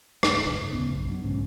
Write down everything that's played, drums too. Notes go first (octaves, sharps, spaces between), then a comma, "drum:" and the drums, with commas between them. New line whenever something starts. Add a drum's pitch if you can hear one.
D1 G#2 C#3, drum: rim click
F#1 C2 G#2 D3
D#2 A2 C#3 B3
A#1 F#2
F#3 D4
B1 G#2 D3 C#4